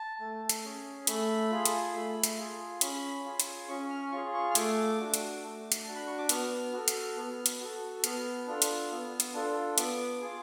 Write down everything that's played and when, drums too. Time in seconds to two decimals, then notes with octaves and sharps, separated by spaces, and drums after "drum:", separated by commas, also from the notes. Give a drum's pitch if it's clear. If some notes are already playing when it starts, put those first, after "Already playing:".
Already playing: A5
0.20 A3
0.49 drum: hi-hat
0.64 C#4 G#4
1.07 A3 B5, drum: hi-hat
1.51 F4 G#4
1.65 drum: hi-hat
1.95 A3
2.24 drum: hi-hat
2.37 F4 G#4
2.81 C#4 B5, drum: hi-hat
3.25 F4 G#4
3.40 drum: hi-hat
3.68 C#4 C#6
3.90 F6
4.12 F4 G#4 C#6
4.34 C#6
4.50 F6
4.55 A3 D6, drum: hi-hat
4.99 D4 F#4
5.14 drum: hi-hat
5.42 A3
5.72 drum: hi-hat
5.84 D4 F#4 A5
5.95 B5
6.07 C#6
6.18 D6
6.29 B3 F6, drum: hi-hat
6.73 F#4 A4
6.88 drum: hi-hat
7.17 B3
7.46 drum: hi-hat
7.60 F#4 A4
8.04 B3 F6, drum: hi-hat
8.47 D4 F4 A4
8.62 drum: hi-hat
8.91 B3
9.20 drum: hi-hat
9.34 D4 F4 A4
9.78 B3 D6, drum: hi-hat
10.21 F4 G#4